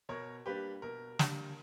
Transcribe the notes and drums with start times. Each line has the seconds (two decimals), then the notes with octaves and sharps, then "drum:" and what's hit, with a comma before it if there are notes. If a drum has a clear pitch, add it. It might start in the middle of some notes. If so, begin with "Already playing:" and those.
0.09 B2 A#4 C#5
0.46 G3 A#3 D4 G4 B4
0.82 B2 A#4
1.19 G3 A#3 D4, drum: snare